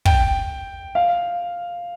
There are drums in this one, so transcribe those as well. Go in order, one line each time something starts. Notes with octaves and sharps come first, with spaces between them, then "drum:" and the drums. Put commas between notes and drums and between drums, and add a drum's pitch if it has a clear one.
G5, drum: kick
F5